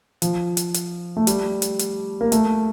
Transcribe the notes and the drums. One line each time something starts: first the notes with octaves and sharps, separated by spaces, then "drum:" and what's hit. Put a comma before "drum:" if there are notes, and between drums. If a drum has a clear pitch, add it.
F3, drum: hi-hat
drum: hi-hat
drum: hi-hat
A3
G3, drum: hi-hat
drum: hi-hat
drum: hi-hat
A#3
A3, drum: hi-hat